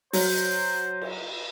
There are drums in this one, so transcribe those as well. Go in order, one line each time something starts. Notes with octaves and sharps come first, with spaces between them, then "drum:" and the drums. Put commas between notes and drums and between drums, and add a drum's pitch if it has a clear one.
F#3 C5, drum: open hi-hat
drum: cymbal